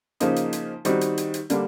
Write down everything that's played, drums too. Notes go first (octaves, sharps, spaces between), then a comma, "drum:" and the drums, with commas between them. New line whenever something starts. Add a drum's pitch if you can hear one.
C#3 F3 A#3 D#4, drum: hi-hat
drum: hi-hat
drum: hi-hat
D#3 G3 C4 D#4 F#4, drum: hi-hat
drum: hi-hat
drum: hi-hat
drum: hi-hat
D3 G3 A#3 D4, drum: hi-hat